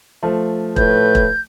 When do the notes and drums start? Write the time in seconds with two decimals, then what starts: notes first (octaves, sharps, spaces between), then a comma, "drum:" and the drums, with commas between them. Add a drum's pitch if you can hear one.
0.23 F3 A3
0.76 A2 B4 G6, drum: kick E1
1.15 drum: kick E1